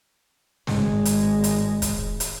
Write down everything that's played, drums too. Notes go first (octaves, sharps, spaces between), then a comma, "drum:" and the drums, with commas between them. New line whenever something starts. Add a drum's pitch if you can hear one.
G#1 G#3, drum: snare
drum: hi-hat
drum: hi-hat
drum: kick, hi-hat
drum: hi-hat